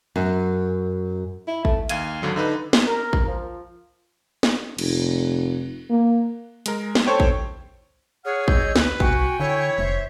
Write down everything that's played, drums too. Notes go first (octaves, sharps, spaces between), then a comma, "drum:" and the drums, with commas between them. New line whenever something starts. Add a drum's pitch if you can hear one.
F#2
E4
A3, drum: kick A1
D#2 F5 G#6 D#7, drum: hi-hat
G#1 D3 F#3
D3 D#4 B4
drum: snare
A#4
drum: kick A1
F3
drum: snare
F1, drum: cymbal
A#3
G#3 A#4, drum: hi-hat
drum: snare
A4 C5 C#5 G5
drum: kick A1
G#4 C#5 F#5 F6
D#5 E6 G6, drum: kick A1
D2 B4, drum: snare
C2 F#4 G5 G#5 C#6, drum: kick A1
D3 E4 C#5
F1 C5 E5